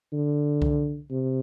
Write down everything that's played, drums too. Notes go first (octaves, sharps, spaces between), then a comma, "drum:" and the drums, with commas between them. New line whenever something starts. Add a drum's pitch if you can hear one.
D3
drum: kick C2
C3